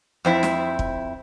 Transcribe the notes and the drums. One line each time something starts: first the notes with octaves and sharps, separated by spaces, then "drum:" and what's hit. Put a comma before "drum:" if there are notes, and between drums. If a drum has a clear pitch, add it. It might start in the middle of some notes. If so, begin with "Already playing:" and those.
F2 C4 E4
drum: snare
drum: kick